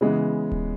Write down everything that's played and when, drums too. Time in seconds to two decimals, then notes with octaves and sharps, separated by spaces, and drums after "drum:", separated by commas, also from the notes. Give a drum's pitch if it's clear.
0.01 C#3 E3 G#3 B3
0.52 drum: kick D1